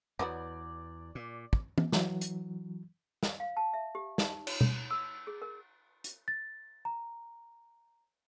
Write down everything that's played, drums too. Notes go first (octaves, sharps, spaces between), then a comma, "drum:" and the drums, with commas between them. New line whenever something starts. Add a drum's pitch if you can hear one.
E2 F#3 B3 F#4 D5
A#2
drum: kick
drum: tom
E3 F#3, drum: snare
drum: hi-hat
drum: snare
F5
A5
E5
G4
D#4, drum: snare
C#5, drum: cymbal
drum: tom B2
E6
G#4
A#4
drum: hi-hat
A6
A#5